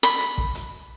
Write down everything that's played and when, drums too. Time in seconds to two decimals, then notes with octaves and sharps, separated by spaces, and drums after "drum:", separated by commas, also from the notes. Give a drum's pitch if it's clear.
0.03 B5
0.20 drum: hi-hat
0.38 drum: kick
0.55 drum: hi-hat